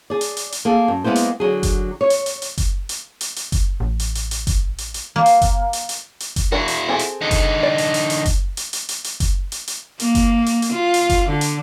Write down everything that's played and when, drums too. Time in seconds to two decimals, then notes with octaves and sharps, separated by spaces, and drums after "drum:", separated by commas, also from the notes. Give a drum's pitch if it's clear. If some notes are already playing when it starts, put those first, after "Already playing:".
0.10 G#4 D5
0.21 drum: hi-hat
0.37 drum: hi-hat
0.52 drum: hi-hat
0.65 A#3 G#4 A4
0.88 F#2
1.04 G#3 A#3 B3 E4 C5
1.16 drum: hi-hat
1.40 D3 F#3 G#4
1.63 drum: kick F#1, hi-hat
2.01 C#5
2.10 drum: hi-hat
2.26 drum: hi-hat
2.42 drum: hi-hat
2.58 drum: kick F#1, hi-hat
2.89 drum: hi-hat
3.21 drum: hi-hat
3.36 drum: hi-hat
3.52 drum: kick F#1, hi-hat
3.80 A1
4.00 drum: hi-hat
4.15 drum: hi-hat
4.31 drum: hi-hat
4.47 drum: kick F#1, hi-hat
4.78 drum: hi-hat
4.94 drum: hi-hat
5.16 A#3
5.26 drum: hi-hat
5.42 drum: kick F#1, hi-hat
5.73 drum: hi-hat
5.89 drum: hi-hat
6.20 drum: hi-hat
6.36 drum: kick F#1, hi-hat
6.52 D4 E4 F#4 A#4
6.68 drum: hi-hat
6.89 C4 G#4 A4
6.99 drum: hi-hat
7.21 D3 D#4
7.31 drum: kick F#1, hi-hat
7.63 D5
7.78 drum: hi-hat
7.94 drum: hi-hat
8.10 drum: hi-hat
8.26 drum: kick F#1, hi-hat
8.57 drum: hi-hat
8.73 drum: hi-hat
8.89 drum: hi-hat
9.04 drum: hi-hat
9.20 drum: kick F#1, hi-hat
9.52 drum: hi-hat
9.68 drum: hi-hat
10.00 A#3, drum: hi-hat
10.15 drum: kick F#1, hi-hat
10.46 drum: hi-hat
10.62 drum: hi-hat
10.73 F4
10.94 drum: hi-hat
11.10 drum: kick F#1, hi-hat
11.30 D3
11.41 drum: hi-hat